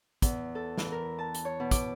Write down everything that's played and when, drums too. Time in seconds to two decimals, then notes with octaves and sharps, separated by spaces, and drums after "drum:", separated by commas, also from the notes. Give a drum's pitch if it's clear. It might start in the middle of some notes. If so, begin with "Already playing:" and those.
0.22 E2, drum: kick, hi-hat
0.55 A4
0.78 E3, drum: snare
0.92 A#4
1.19 A5
1.35 drum: hi-hat
1.45 C#5
1.60 B2
1.71 D6, drum: kick, hi-hat